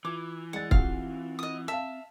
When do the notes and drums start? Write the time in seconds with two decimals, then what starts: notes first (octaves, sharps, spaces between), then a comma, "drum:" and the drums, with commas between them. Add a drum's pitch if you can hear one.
0.05 E3 F4 D6 G#6
0.53 G#3 D5 F#5 A6
0.71 C4 F4 F#4 G#4 F5, drum: kick
1.39 D#5 D#6
1.68 E5 F5 A5